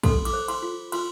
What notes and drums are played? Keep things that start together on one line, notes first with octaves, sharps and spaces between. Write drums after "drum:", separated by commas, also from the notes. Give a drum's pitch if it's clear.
A4 C6, drum: kick, cymbal
D6, drum: cymbal
C5
C6, drum: cymbal
F4
F4 C6, drum: cymbal